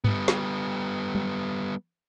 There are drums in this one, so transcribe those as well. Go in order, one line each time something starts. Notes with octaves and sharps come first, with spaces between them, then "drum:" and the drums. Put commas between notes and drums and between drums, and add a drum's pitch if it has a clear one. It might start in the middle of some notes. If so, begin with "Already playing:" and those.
G3 B3, drum: tom G2
drum: snare
drum: tom F#3